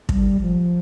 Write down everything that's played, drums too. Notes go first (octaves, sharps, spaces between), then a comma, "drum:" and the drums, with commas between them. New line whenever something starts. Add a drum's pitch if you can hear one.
G3, drum: kick
F3